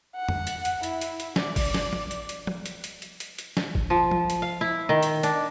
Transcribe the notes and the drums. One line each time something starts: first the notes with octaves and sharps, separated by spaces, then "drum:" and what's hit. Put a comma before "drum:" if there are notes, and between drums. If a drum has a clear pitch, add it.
F#5
drum: tom
drum: hi-hat
drum: hi-hat
E4, drum: hi-hat
drum: hi-hat
drum: hi-hat
D5, drum: snare
drum: kick, open hi-hat
drum: snare
drum: tom F3
drum: hi-hat
drum: hi-hat
drum: tom F3
drum: hi-hat
drum: hi-hat
drum: hi-hat
drum: hi-hat
drum: hi-hat
drum: snare
drum: kick
F3
drum: tom F3
drum: hi-hat
F5
E4
D#3
drum: hi-hat
D4, drum: hi-hat